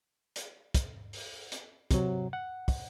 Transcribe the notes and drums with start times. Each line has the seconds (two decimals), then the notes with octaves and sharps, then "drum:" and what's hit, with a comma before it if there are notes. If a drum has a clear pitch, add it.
0.36 drum: hi-hat
0.75 drum: kick, hi-hat
1.13 drum: open hi-hat
1.52 drum: hi-hat
1.91 C3 F#3, drum: kick, hi-hat
2.33 F#5
2.68 drum: kick, open hi-hat